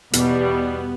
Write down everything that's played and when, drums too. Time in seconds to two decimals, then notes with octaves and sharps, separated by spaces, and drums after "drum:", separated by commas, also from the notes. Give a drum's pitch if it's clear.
0.13 E2 B2 G3 B3, drum: hi-hat